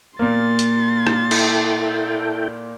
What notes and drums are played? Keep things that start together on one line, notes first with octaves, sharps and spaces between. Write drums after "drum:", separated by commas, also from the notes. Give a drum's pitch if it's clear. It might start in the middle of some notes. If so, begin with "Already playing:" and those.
A#2 A#3 C6 A6
drum: hi-hat
drum: rim click
E4 A4 G5, drum: cymbal